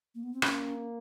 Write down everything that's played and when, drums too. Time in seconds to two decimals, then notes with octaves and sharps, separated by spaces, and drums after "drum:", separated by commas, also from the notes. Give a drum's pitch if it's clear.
0.15 A#3
0.23 B3
0.33 C4
0.42 A#3 C#4, drum: rim click